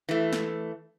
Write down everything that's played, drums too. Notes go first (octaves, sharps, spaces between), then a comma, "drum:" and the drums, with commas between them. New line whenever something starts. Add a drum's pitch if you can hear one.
E3 A3
drum: snare